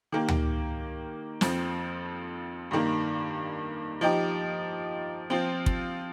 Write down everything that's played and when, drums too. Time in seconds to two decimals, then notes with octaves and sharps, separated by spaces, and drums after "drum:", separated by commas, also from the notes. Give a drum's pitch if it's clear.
0.12 D#3 A#3 G4
0.28 drum: tom D2
1.41 F2 F3 C4, drum: snare
2.71 G2 D#3 A#3
4.01 F3 D#4 G4
5.30 F3 C4 F4
5.66 drum: kick